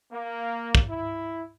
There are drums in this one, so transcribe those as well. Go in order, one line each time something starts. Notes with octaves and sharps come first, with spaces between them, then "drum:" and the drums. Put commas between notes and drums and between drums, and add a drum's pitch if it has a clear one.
A#3
drum: kick
E4